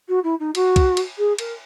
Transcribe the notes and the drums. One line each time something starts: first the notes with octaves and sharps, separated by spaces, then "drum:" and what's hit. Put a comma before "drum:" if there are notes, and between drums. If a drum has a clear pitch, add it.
F#4
E4
D#4
F#4, drum: cymbal
drum: kick C2, cymbal
drum: cymbal
G#4
A#4, drum: cymbal